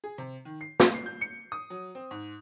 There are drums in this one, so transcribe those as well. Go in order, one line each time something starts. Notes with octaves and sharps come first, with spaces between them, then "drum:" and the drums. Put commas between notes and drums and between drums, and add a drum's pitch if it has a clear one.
G#4
C3
D#3
C7
C6, drum: snare
C7
G6
C#7
D#6
F#3
C4
G#2